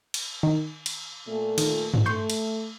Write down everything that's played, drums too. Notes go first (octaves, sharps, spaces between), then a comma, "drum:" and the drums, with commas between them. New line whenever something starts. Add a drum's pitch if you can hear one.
drum: cymbal
D#3
drum: cymbal
A#2 A3
D#3, drum: cymbal
drum: tom G2
A3 C6 C#6 G6
drum: cymbal